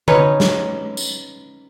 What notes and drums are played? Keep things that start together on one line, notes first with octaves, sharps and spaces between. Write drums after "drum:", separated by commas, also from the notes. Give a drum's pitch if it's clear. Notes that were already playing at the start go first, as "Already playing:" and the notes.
C#4 D#4 B4 C#5, drum: tom D3
drum: snare
drum: tambourine